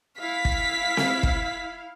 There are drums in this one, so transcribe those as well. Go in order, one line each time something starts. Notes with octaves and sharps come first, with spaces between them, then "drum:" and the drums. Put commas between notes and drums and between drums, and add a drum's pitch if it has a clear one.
E4 F5 B6
drum: kick
drum: snare C4
drum: kick